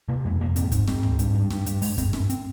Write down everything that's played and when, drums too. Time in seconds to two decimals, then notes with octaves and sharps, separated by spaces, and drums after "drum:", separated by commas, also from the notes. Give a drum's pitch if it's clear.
0.08 C3 A#3
0.24 F2 G#3
0.40 F2 A#3
0.56 G#2 C4, drum: hi-hat
0.72 G#2, drum: kick, hi-hat
0.88 G#2 C4, drum: snare
1.03 G#2, drum: tom C#2
1.19 G2, drum: hi-hat
1.35 G2
1.51 G2, drum: snare
1.66 G2, drum: hi-hat
1.82 G2 G#3, drum: open hi-hat
1.98 G2 C4, drum: kick, hi-hat
2.13 G2 C#4, drum: snare
2.30 C4, drum: hi-hat